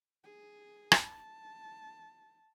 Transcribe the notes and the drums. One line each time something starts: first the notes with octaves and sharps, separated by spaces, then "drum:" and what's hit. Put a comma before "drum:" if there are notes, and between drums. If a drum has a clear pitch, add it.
G#4
drum: rim click
A5